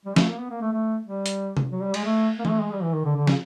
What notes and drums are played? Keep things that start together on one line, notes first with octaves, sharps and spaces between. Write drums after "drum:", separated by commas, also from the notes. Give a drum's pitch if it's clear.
G3
A3, drum: snare
A#3
B3
A#3
A3
A3
G3
drum: hi-hat
drum: tom C3
F#3
G3
G#3, drum: cymbal
A3
A#3
G#3, drum: tom E3
A3
G#3
G3
E3
D#3
D3
D3
C#3, drum: snare